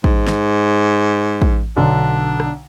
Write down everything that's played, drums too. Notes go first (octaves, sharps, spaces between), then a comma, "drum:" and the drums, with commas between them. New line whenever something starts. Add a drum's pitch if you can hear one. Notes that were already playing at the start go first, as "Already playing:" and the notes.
G#2, drum: kick
drum: snare
drum: kick
B1 D3 D4
drum: rim click